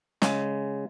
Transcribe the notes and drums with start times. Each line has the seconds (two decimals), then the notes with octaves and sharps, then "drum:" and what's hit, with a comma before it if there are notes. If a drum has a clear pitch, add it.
0.22 C#3 G#3, drum: snare